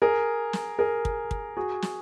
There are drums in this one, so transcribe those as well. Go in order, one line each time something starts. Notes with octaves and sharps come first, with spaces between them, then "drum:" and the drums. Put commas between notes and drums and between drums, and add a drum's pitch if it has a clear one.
G#4 A#4
drum: snare
G#4 A#4
drum: kick
drum: kick
F#4 G#4
drum: snare